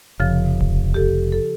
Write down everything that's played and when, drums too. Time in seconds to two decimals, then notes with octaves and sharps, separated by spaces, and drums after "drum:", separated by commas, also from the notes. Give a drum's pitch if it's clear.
0.20 F1 C#3 F3
0.61 drum: kick D1
0.94 G4 A4
1.32 A4